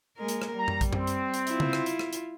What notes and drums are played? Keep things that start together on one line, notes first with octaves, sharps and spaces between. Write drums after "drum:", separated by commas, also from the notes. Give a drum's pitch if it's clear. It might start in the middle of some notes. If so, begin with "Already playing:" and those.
G#3 A#3 A#4
drum: hi-hat
drum: rim click
G3 A#5
drum: tom F#2
drum: kick A#1, hi-hat
C4, drum: tom F#2
drum: hi-hat
drum: hi-hat
E4 F4, drum: hi-hat
drum: tom C#3
drum: rim click
drum: hi-hat
drum: rim click
drum: hi-hat